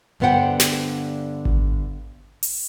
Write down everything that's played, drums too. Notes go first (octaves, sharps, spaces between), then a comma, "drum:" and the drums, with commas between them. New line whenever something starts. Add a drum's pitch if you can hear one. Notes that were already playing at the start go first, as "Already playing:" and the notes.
G2 D3 B3 C5 F#5 G5
drum: snare
drum: kick G#1
drum: open hi-hat